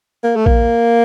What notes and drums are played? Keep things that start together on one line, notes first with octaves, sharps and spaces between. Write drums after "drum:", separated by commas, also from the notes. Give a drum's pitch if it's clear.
A#3
A3
A#3, drum: kick A#1